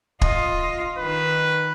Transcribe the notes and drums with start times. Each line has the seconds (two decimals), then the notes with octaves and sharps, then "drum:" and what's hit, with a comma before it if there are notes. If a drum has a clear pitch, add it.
0.21 F4 D#5, drum: kick
0.98 D#3 B4